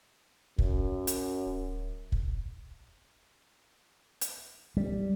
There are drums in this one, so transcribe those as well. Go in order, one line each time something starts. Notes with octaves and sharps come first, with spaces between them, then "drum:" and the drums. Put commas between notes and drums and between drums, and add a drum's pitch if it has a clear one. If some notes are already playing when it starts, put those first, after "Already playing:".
F#2, drum: kick
drum: hi-hat
D1
drum: kick
drum: hi-hat
G3